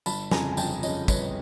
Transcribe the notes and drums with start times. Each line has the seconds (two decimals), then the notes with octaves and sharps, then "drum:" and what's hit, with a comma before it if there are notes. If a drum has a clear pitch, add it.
0.06 G1 A5 B5, drum: tambourine
0.31 F2 C#3 G#5 A#5, drum: snare
0.52 G#5
0.57 G1 G5 A5, drum: tambourine
0.83 F2 C#3 C#5 D#5, drum: tambourine
1.08 G1 B4 C#5, drum: kick, tambourine